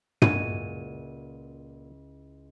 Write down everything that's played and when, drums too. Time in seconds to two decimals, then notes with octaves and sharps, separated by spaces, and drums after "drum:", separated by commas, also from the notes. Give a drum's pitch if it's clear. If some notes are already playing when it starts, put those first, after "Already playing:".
0.22 C#2 A#2 E4 F#4 G#5 D#7, drum: tom